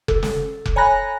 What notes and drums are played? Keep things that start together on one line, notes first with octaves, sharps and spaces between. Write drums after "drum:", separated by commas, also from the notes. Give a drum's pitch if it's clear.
A4, drum: kick F1
drum: snare
drum: kick F1
C#5 G#5 A#5 B5 F#6 A#6